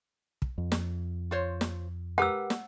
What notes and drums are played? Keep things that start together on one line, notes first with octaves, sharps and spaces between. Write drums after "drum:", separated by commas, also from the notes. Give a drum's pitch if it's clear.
drum: kick
F2
drum: snare
F4 C5 C#5
drum: snare
G4 A#4 B4 F#5 E6
drum: snare